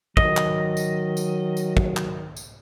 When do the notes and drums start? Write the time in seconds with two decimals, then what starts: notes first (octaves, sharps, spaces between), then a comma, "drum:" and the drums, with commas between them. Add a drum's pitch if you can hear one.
0.17 D#3 F#3 D#5, drum: kick
0.37 drum: clap
0.77 drum: tambourine
1.17 drum: tambourine
1.57 drum: tambourine
1.77 drum: kick
1.97 drum: clap
2.37 drum: tambourine